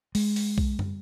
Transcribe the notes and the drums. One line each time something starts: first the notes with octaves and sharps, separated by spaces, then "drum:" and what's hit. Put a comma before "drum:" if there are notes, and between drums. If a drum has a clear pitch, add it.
G#3, drum: open hi-hat
drum: open hi-hat
drum: kick B1
drum: tom